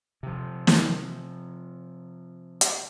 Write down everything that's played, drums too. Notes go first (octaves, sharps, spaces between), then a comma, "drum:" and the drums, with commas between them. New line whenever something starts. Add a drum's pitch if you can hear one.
C3 F3
drum: snare
drum: hi-hat